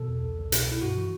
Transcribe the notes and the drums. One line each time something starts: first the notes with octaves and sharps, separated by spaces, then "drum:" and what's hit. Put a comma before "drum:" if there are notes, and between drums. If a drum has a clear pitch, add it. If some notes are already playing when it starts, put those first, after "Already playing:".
Already playing: B2 A4
E2
C2
C2
B2, drum: hi-hat
B2 E4
G2 F#4
E3